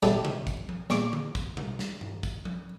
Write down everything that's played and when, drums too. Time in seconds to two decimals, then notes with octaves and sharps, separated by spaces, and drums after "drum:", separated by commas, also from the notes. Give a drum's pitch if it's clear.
0.03 F#3 D#4 E4 G4 A4, drum: snare
0.25 drum: tom B2
0.47 drum: kick, tambourine
0.69 drum: tom F3
0.90 A#1 C#6 D6, drum: snare
1.13 drum: tom D3
1.35 drum: kick, tambourine
1.57 drum: tom B2
1.79 drum: snare
2.01 drum: tom G2
2.23 drum: kick, tambourine
2.45 drum: tom F3